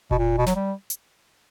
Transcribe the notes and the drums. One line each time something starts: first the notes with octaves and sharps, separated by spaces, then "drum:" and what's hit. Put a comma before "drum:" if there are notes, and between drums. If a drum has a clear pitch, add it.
B2, drum: kick F1
A#2
B2
F#3, drum: snare
G3
drum: hi-hat